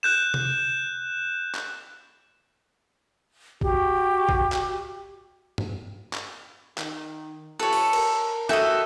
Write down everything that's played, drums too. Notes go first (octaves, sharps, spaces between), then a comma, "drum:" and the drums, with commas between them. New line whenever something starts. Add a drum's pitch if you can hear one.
F#6 G6 E7
drum: tom C3
drum: clap
F#4 G4, drum: kick A1
drum: kick A1
drum: clap
drum: tom G2
drum: clap
D#3, drum: clap
C#3 F4 G4 A4 B4 C#5
drum: open hi-hat
A#4, drum: cymbal
E4 F#4 G4 A4 D#5, drum: rim click